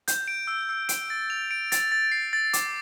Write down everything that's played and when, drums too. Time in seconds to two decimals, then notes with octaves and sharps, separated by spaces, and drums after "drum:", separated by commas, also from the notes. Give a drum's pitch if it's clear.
0.08 G6, drum: hi-hat
0.28 D7
0.47 E6
0.69 E6
0.89 D7, drum: hi-hat
1.10 A6
1.30 F7
1.51 D7
1.72 A6, drum: hi-hat
1.92 A6
2.12 C7
2.33 A6
2.53 D6, drum: hi-hat